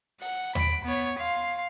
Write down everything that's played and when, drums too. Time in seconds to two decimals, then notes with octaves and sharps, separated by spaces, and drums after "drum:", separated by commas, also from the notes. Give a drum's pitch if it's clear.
0.21 F#5, drum: open hi-hat
0.55 B5 D7, drum: tom D#2
0.85 B3 C#5
1.18 F5 C6